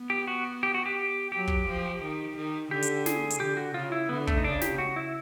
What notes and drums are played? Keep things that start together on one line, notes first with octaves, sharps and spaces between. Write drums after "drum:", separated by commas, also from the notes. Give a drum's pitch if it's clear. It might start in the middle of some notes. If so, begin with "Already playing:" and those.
Already playing: B3
G4
F#4
G4
F#4
G4
F#3 G4
drum: kick
F3
D#3
D#3
D3 G4
drum: hi-hat
G#4, drum: snare
drum: hi-hat
D3 G4
F#4
C#3 F4
E4
D3 B3
A3, drum: kick
D#4
C#3 D4
G4, drum: snare
F#4
E4